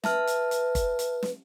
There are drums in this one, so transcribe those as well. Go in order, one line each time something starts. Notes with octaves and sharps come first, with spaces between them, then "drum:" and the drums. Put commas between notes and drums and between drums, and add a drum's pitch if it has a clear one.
B4 E5 A5 F6, drum: snare
drum: hi-hat
drum: hi-hat
drum: kick, hi-hat
drum: hi-hat
drum: snare